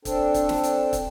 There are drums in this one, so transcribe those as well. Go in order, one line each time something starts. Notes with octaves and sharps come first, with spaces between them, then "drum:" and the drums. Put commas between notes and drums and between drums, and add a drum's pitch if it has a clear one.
C4 D4 A4, drum: kick, hi-hat
drum: kick, hi-hat
drum: snare
drum: hi-hat
drum: kick, hi-hat